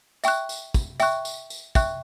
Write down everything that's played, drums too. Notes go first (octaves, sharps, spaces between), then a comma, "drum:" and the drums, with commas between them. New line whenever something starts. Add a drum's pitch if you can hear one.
E5 G5 C#6 F#6, drum: tambourine
drum: tambourine
drum: kick, tambourine
E5 G5 C#6 F#6, drum: tambourine
drum: tambourine
drum: tambourine
E5 G5 C#6 F#6, drum: kick, tambourine